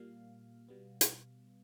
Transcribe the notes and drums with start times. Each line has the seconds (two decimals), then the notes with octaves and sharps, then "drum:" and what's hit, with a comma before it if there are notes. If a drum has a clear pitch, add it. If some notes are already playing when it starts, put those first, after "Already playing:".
Already playing: A#2 G3 A#3 F5
0.68 B2 G3 B3
1.01 drum: hi-hat